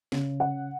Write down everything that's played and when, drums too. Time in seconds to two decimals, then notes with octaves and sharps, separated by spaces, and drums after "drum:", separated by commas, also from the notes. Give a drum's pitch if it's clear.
0.12 C#3, drum: snare
0.40 C#3 F#5